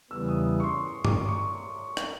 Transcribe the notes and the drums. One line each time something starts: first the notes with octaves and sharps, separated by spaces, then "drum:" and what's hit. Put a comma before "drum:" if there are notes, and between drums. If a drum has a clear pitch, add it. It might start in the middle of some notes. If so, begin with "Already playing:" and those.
E2 C#3 E3 G3 B3 E6
D#6
C#6
C6
D6, drum: tom G2
C#6
drum: rim click